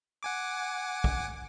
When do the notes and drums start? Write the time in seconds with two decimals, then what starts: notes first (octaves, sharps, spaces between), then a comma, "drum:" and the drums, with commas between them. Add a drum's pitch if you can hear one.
0.23 F#5 G#5 D6
1.04 drum: kick